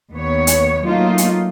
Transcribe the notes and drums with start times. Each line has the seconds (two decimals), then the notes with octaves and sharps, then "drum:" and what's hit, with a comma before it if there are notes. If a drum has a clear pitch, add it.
0.12 D#2 B3 C#5
0.47 drum: hi-hat
0.84 F#3 A3 A#3 D#4 F4
1.18 drum: hi-hat